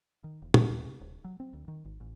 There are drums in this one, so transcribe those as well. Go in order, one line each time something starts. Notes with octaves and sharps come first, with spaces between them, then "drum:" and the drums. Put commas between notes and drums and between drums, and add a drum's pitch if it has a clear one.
D#3
E1
C3, drum: tom
D#2
C3
D1
F#3
C4
D2
D#3
G#1
A1